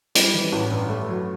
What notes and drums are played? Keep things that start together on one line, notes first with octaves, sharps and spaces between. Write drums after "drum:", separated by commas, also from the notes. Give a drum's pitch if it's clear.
G3, drum: hi-hat
E3
A1
G2
A3
F#3